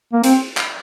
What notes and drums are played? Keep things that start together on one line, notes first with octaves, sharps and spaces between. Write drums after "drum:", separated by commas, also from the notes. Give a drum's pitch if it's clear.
A#3
C4, drum: hi-hat
drum: clap